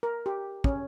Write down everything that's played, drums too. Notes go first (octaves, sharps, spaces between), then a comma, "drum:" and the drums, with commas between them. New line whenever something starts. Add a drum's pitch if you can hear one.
A#4
G4
C#4, drum: kick